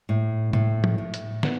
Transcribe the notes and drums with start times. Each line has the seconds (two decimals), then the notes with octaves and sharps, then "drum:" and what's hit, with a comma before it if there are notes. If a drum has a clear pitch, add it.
0.09 A2
0.53 A2, drum: tom
0.84 drum: tom
0.98 A2
1.14 drum: hi-hat
1.43 B3, drum: snare